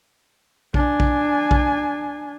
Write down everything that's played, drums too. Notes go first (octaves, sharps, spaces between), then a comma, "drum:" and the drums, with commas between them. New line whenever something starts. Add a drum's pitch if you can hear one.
D4 G#5, drum: kick A#1
drum: kick A#1
drum: kick A#1